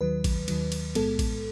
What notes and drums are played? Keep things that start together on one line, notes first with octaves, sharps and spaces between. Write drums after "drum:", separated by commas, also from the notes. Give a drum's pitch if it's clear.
D#2 D#3 F#3 B4
drum: kick, cymbal
D#2 D#3 F#3, drum: cymbal
drum: cymbal
B1 A2 G#3 B3 A4, drum: cymbal
drum: kick, cymbal